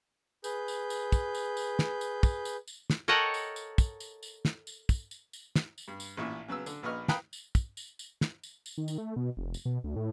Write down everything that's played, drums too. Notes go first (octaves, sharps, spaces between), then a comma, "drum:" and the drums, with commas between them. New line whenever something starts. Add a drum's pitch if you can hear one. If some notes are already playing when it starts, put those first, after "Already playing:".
G#4 B4 G6, drum: tambourine
drum: tambourine
drum: tambourine
drum: kick, tambourine
drum: tambourine
drum: tambourine
drum: snare
drum: tambourine
drum: kick, tambourine
drum: tambourine
drum: tambourine
drum: snare
A4 A#4 C#5 D#5 F#5 G5
drum: tambourine
drum: tambourine
drum: kick, tambourine
drum: tambourine
drum: tambourine
drum: snare
drum: tambourine
drum: kick, tambourine
drum: tambourine
drum: tambourine
drum: snare
drum: tambourine
G2
drum: tambourine
A1 A#2 E4 C#6
C#3 F#3 B3 E6
D3, drum: tambourine
A#1 A#2 B4 D#5 C#6 F6
F5 G5 A#5 B5 D#6 F#6, drum: snare
drum: tambourine
drum: kick, tambourine
drum: tambourine
drum: tambourine
drum: snare
drum: tambourine
drum: tambourine
D#3
drum: tambourine
A3
B2
F1
drum: tambourine
B2
D2
A2